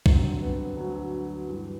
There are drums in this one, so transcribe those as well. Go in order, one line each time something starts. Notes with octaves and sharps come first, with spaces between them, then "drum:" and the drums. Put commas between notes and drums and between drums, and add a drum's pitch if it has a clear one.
G2 D3 F#3 C4, drum: kick
B3
D2 D3 F#3
G2 E3